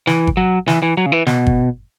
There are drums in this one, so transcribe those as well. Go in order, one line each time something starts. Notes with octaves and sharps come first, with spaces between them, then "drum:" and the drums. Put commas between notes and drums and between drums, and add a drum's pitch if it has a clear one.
E3, drum: snare
drum: kick G1
F#3
E3, drum: snare
E3
F#3
C#3
E3
B2, drum: snare
drum: kick G1